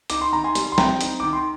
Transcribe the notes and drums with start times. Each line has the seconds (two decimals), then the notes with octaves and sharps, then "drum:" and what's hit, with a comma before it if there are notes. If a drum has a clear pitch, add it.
0.10 D#4 D6, drum: hi-hat
0.21 C6
0.33 D#3 A#5
0.44 G#5 C6
0.55 G3, drum: hi-hat
0.72 C6
0.78 C4 G5 A#5, drum: snare
1.01 D#4, drum: hi-hat
1.20 D#3 D6
1.33 C6